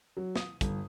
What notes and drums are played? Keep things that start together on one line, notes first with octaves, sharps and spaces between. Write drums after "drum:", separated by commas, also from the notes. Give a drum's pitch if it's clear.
F#3
D#6, drum: snare
G1, drum: kick, hi-hat